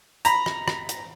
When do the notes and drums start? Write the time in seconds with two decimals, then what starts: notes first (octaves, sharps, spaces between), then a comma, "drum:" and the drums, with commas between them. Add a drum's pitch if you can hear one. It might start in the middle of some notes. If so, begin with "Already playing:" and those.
0.25 A#5 B5, drum: hi-hat
0.46 drum: rim click
0.68 drum: rim click
0.89 drum: hi-hat